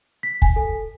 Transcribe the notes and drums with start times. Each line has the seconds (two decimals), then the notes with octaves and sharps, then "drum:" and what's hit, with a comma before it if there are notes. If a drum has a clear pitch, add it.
0.23 B6
0.42 G#5, drum: kick
0.56 A4